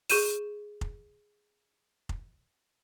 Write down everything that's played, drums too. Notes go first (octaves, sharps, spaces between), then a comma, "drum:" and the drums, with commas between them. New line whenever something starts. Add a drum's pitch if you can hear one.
G#4 C#6 G6 D#7 E7, drum: open hi-hat
drum: kick F1
drum: kick F1